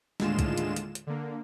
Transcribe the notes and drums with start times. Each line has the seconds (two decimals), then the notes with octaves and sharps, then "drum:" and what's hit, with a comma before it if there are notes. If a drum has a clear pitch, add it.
0.20 D#2 A2 D3 G#3 F4 E7, drum: snare
0.39 drum: kick C2, hi-hat
0.58 drum: hi-hat
0.76 drum: hi-hat
0.95 drum: hi-hat
1.07 D3 A#3